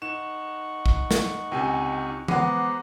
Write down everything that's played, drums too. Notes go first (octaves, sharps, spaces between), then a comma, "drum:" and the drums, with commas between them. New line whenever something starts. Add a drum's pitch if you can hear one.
D#4 F#5 C#6 E7
drum: kick A#1
drum: snare
C#2 C3 G5 G#5
G#3 B3 C5 F#5 A#5 D6, drum: tom E3